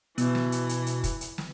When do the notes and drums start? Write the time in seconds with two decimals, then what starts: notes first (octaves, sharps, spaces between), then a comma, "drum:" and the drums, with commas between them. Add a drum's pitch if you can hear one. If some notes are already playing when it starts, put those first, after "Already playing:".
0.18 B2 E3 B3, drum: hi-hat
0.35 drum: snare
0.52 drum: hi-hat
0.69 drum: hi-hat
0.86 drum: hi-hat
1.04 drum: kick, hi-hat
1.21 drum: hi-hat
1.38 drum: snare